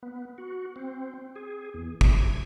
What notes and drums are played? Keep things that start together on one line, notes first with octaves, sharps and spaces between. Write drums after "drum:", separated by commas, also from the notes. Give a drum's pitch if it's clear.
B3
F#4
C4
G#4
E2
E5, drum: kick
G#6